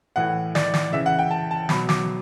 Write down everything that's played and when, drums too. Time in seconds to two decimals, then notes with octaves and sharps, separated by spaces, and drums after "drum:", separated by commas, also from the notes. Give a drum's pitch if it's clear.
0.16 A2 E3 F#5
0.55 D5, drum: snare
0.74 drum: snare
0.92 C#3 E3 E5
1.06 F#5
1.19 G5
1.31 A5
1.51 A5
1.69 B2 F#3 B5, drum: snare
1.89 D6, drum: snare